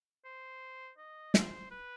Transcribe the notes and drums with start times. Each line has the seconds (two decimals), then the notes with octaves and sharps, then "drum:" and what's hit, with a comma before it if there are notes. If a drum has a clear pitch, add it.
0.25 C5
0.98 D#5
1.34 C5, drum: snare
1.71 B4